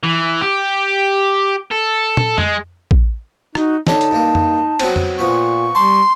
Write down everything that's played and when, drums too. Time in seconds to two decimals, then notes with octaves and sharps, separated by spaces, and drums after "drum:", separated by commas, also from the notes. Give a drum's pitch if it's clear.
0.03 E3
0.41 G4
1.71 A4
2.17 drum: tom
2.38 G#3, drum: tom F2
2.91 drum: kick
3.55 D#4 F#4, drum: rim click
3.87 D3 D#4 C#5 A5, drum: snare
4.01 drum: hi-hat
4.11 G2 A#3
4.35 drum: tom F2
4.79 F#3 B3 C4, drum: cymbal
4.96 drum: tom F2
5.19 A#2 F3 B3 C#6
5.75 G3 A5 C6